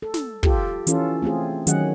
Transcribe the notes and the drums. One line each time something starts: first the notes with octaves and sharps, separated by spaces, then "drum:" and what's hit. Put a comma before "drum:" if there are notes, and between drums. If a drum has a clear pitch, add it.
A4
drum: snare
F4 G4 A4, drum: kick
E3 C#4 F4 A4, drum: hi-hat
A3 C4 F4 G#4
D#3 F#3 C#4 G#4 D#5 F#5, drum: hi-hat